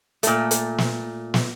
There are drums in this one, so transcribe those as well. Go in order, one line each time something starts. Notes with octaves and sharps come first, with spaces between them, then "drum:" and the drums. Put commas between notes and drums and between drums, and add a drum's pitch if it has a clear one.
A#2 A3, drum: hi-hat
drum: hi-hat
drum: snare
drum: snare